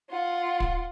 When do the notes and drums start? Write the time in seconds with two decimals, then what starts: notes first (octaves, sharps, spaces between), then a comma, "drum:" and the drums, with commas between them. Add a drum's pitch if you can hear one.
0.10 F4 F#5
0.60 drum: kick